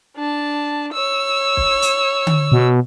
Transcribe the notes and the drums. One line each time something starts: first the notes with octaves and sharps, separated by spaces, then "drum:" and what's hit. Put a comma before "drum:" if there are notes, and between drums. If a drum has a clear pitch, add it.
D4 A5
C#5 E6
drum: kick
drum: hi-hat
drum: tom D3
B2